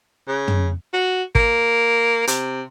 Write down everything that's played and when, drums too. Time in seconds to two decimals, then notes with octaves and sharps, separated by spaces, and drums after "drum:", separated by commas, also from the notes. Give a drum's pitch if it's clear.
0.28 C#3
0.48 drum: tom
0.93 F#4
1.35 A#3, drum: kick
2.27 C3, drum: hi-hat